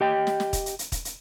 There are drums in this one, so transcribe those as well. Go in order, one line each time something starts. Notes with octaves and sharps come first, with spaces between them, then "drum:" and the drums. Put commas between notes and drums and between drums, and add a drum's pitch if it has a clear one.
G4 D#5 G5
drum: snare
drum: snare
drum: kick, hi-hat
drum: hi-hat
drum: hi-hat
drum: kick, hi-hat
drum: hi-hat